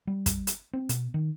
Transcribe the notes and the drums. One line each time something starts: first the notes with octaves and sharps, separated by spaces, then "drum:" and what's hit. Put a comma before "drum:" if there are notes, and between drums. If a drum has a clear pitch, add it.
G3
drum: kick, hi-hat
drum: hi-hat
C4
B2, drum: hi-hat
D#3